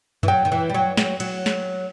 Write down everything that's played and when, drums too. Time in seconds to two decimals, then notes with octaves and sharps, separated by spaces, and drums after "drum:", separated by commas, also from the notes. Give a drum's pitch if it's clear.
0.23 E3, drum: tom F#2
0.28 F#3 G5
0.45 D#3
0.52 E3
0.70 G3
0.74 F#3
0.97 F#3, drum: snare
1.20 F#3, drum: cymbal
1.46 drum: snare